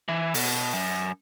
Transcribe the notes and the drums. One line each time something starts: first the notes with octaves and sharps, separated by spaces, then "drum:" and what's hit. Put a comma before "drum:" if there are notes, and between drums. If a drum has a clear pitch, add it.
E3
B2, drum: open hi-hat
F#2